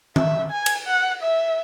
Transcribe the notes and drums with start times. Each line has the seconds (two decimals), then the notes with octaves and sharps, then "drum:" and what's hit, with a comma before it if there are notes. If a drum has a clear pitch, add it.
0.16 E5, drum: tom
0.51 G#5
0.66 drum: cymbal
0.87 F#5
1.22 E5